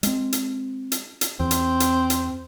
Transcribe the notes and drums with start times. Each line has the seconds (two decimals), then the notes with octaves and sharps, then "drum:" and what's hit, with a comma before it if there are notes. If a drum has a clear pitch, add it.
0.03 G#3 C4, drum: hi-hat
0.32 drum: hi-hat
0.92 drum: hi-hat
1.21 drum: hi-hat
1.40 E2 C4
1.51 drum: hi-hat
1.80 drum: hi-hat
2.10 drum: hi-hat